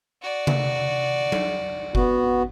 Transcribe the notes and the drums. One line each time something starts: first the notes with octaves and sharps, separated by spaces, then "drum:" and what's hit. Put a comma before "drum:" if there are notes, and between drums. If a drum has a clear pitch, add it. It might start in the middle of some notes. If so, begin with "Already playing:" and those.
F#4 D5
drum: tom C3
drum: tom F#3
B3 F#4, drum: kick F#1